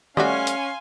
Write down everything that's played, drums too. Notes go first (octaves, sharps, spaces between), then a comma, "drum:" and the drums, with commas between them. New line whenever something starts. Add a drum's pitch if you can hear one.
G3 A3 C#4 F#4 F5 G#5 C6, drum: tom
drum: hi-hat